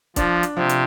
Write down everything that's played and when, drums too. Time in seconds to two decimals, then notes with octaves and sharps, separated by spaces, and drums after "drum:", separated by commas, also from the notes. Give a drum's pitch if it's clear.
0.16 F3 D4, drum: kick C#1, hi-hat
0.43 drum: hi-hat
0.56 C3 F3
0.69 drum: hi-hat